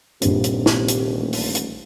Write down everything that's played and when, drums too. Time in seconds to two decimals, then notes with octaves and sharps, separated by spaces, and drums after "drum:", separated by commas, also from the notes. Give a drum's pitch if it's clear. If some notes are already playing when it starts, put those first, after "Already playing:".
0.22 D#1 A#1 G2 C3, drum: hi-hat
0.44 drum: hi-hat
0.66 drum: snare
0.88 drum: hi-hat
1.18 A1
1.33 drum: open hi-hat
1.55 drum: hi-hat